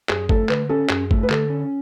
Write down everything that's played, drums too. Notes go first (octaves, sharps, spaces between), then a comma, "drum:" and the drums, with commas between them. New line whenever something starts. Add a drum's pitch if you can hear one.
F#2 G#4, drum: clap
A3 A4, drum: kick G1
D3 B4, drum: clap
C#4 A4
F#2 G#4, drum: clap
A3, drum: kick G1
B4
D3 A4, drum: clap
C#4